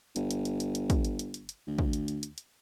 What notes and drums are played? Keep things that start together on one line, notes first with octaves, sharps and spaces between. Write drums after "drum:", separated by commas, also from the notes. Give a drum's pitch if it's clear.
G1, drum: hi-hat
drum: hi-hat
drum: hi-hat
drum: hi-hat
drum: hi-hat
drum: kick, hi-hat
drum: hi-hat
drum: hi-hat
drum: hi-hat
drum: hi-hat
D2
drum: kick
drum: hi-hat
drum: hi-hat
drum: hi-hat
drum: hi-hat